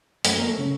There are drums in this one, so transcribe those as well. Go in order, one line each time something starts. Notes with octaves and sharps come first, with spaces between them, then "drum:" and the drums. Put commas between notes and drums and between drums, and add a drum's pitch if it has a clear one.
F#2 A3, drum: open hi-hat
A#3
A3
C#3